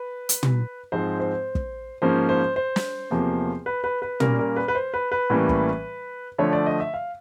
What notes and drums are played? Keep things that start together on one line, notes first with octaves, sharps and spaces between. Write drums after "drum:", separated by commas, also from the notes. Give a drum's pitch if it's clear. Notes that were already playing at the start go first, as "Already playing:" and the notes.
Already playing: B4
drum: hi-hat
drum: tom
G#2 F3 G#3 C4 C5
C5
drum: kick
G#2 F3 A#3 C#4 C5
C5
C5
drum: snare
E2 C3 F3 A#3
B4
B4
B4
A#2 G3 A#3 C#4 A#4, drum: tom
A#4
B4
B4
C5
B4
B4
A2 E3 G3 A#3 C#4
drum: kick
D3 F3 A3 C#5
D5
D#5
E5
F5